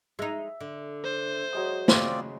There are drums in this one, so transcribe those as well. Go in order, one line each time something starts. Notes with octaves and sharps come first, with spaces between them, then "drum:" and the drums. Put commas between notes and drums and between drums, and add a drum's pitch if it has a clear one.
G#3 D#4 E5
D3
C5
F#3 G#3 D#6
C#3 C4 F4 D5, drum: snare